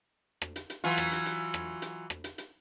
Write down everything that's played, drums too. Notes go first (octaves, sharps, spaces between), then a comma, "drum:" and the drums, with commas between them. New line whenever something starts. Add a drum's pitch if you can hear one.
drum: rim click
drum: hi-hat
drum: hi-hat
E3 F#3 F4
drum: rim click
drum: hi-hat
drum: hi-hat
drum: rim click
drum: hi-hat
drum: rim click
drum: hi-hat
drum: hi-hat